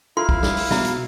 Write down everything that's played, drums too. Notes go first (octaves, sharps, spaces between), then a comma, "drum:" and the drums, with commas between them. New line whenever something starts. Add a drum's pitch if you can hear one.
E4 F4 A4 F5 C6
drum: kick
drum: snare
drum: open hi-hat
B2 E5 A#5, drum: snare
drum: hi-hat